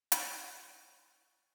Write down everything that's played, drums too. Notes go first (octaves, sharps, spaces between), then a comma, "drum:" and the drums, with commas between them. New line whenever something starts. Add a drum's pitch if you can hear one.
E5, drum: hi-hat
C5
C6
C#6